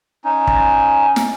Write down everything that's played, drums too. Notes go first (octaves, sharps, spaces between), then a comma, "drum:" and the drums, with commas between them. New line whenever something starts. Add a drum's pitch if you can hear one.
C#4 D#4
drum: kick
drum: snare